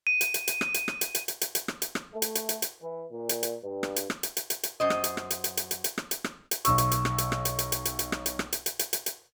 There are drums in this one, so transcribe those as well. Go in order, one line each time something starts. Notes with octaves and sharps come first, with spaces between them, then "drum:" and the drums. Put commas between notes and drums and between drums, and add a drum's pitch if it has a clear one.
D#7
drum: hi-hat
drum: hi-hat
drum: hi-hat
drum: rim click
drum: hi-hat
drum: rim click
drum: hi-hat
drum: hi-hat
drum: hi-hat
drum: hi-hat
drum: hi-hat
drum: rim click
drum: hi-hat
drum: rim click
A3
drum: hi-hat
drum: hi-hat
drum: hi-hat
drum: hi-hat
E3
A#2
drum: hi-hat
drum: hi-hat
G2
drum: rim click
drum: hi-hat
drum: rim click
drum: hi-hat
drum: hi-hat
drum: hi-hat
drum: hi-hat
F#2 C5 D#5
drum: rim click
drum: hi-hat
drum: rim click
drum: hi-hat
drum: hi-hat
drum: hi-hat
drum: hi-hat
drum: hi-hat
drum: rim click
drum: hi-hat
drum: rim click
drum: hi-hat
B1 C#6 E6, drum: hi-hat
drum: hi-hat
drum: hi-hat
drum: rim click
drum: hi-hat
drum: rim click
drum: hi-hat
drum: hi-hat
drum: hi-hat
drum: hi-hat
drum: hi-hat
drum: rim click
drum: hi-hat
drum: rim click
drum: hi-hat
drum: hi-hat
drum: hi-hat
drum: hi-hat
drum: hi-hat